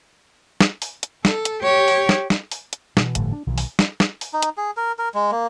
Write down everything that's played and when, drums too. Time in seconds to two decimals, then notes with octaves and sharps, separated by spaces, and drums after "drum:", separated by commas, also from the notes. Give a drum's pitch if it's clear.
0.60 drum: snare
0.82 drum: open hi-hat
1.03 drum: hi-hat
1.25 A4, drum: snare
1.45 drum: hi-hat
1.63 G4 C#5
1.88 drum: open hi-hat
2.09 drum: snare
2.30 drum: snare
2.51 drum: open hi-hat
2.73 drum: hi-hat
2.97 B2 E3, drum: snare
3.15 G1 A2 D3 F3, drum: hi-hat
3.32 D4
3.47 B1 D#3 E3
3.58 drum: open hi-hat
3.79 drum: snare
4.00 drum: snare
4.21 drum: open hi-hat
4.33 D#4
4.43 drum: hi-hat
4.57 G#4
4.77 A#4
4.99 A#4
5.14 G#3
5.32 A#3